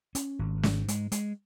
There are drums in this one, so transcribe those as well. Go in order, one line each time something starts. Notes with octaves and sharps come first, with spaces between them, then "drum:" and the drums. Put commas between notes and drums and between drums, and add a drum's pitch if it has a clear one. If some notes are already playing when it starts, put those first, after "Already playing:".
C#4, drum: hi-hat
G#1
G#2, drum: snare
G#3, drum: hi-hat
G#3, drum: hi-hat